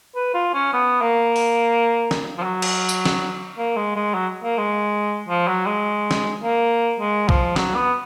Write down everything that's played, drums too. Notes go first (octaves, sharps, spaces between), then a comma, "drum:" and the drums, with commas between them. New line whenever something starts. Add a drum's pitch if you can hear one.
B4
F4
C#4
B3
A#3
drum: open hi-hat
drum: snare
F3
F#3
drum: cymbal
drum: tambourine
drum: snare
A#3
G#3
G#3
F#3
A#3
G#3
F3
F#3
G#3
drum: snare
A#3
G#3
F3, drum: kick B1
F#3, drum: snare
B3